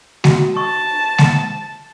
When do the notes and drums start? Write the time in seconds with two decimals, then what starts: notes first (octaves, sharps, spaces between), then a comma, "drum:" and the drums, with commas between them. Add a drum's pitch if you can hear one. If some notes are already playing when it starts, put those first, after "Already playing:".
0.24 F#4, drum: snare G#3
0.57 A5 C#6
1.18 drum: snare G#3